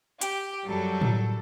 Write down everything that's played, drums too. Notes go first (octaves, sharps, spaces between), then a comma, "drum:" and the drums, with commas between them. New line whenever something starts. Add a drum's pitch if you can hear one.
G4, drum: hi-hat
F#2 F#3 G3 A4
drum: tom A2